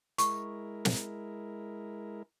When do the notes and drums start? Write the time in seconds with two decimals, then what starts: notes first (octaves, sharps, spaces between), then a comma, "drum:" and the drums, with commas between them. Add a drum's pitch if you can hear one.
0.18 G#3 E4 A#4 C#6, drum: hi-hat
0.85 drum: snare